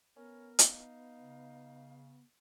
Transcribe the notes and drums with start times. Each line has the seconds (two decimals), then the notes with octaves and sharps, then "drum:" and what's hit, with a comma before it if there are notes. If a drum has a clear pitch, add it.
0.16 B3 C#4 A#4
0.59 drum: hi-hat
0.69 D#4 F5
1.19 C#3